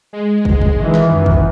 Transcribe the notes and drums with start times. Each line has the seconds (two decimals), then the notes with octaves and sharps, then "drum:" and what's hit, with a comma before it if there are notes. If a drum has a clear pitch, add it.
0.13 G#3
0.45 drum: kick
0.61 drum: kick
0.78 D#3 E3
0.94 drum: snare
1.11 F#2
1.26 drum: kick